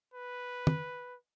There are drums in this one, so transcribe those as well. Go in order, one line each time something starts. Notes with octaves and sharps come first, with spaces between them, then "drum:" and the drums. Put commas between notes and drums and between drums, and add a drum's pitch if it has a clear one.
B4
drum: tom